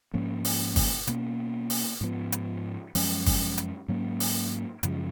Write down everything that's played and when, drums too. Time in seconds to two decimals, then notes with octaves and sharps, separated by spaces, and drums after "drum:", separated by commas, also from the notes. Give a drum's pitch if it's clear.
0.14 G#2 F3 A#3 C#4
0.45 drum: open hi-hat
0.76 drum: kick, open hi-hat
1.07 B2 A#3 C#4, drum: hi-hat
1.70 drum: open hi-hat
2.01 G#2 F3 B3
2.32 drum: hi-hat
2.95 F#2 F3 G#3 C#4, drum: open hi-hat
3.26 drum: kick, open hi-hat
3.58 drum: hi-hat
3.88 G#2 F#3 A#3 C#4
4.20 drum: open hi-hat
4.83 F#2 C#3 F3 G#3, drum: hi-hat